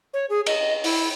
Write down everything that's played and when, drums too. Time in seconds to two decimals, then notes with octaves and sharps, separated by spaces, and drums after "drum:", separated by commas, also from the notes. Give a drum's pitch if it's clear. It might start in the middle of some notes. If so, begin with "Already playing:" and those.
0.13 C#5
0.30 G#4
0.46 D#5, drum: cymbal
0.84 E4, drum: open hi-hat